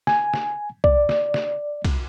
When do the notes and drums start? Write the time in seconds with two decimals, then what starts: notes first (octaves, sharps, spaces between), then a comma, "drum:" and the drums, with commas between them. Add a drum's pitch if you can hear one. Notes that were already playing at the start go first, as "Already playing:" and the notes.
0.07 G#5, drum: snare
0.34 drum: snare
0.84 D5, drum: kick
1.09 drum: snare
1.34 drum: snare
1.85 drum: kick, cymbal